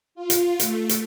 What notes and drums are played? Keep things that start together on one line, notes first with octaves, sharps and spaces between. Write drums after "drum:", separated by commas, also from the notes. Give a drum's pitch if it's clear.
F4
drum: hi-hat
A3, drum: hi-hat
drum: hi-hat